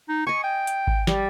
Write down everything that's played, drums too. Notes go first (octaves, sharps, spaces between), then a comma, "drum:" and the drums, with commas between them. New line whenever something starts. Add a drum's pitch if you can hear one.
D#4
D#5 G#5 C#6
G5
drum: hi-hat
drum: kick G#1
G3, drum: snare